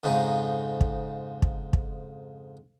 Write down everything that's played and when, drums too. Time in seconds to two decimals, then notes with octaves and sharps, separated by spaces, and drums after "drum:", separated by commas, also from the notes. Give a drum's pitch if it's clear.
0.03 F2 G#2 C#3 D#4
0.81 drum: kick
1.42 drum: kick
1.73 drum: kick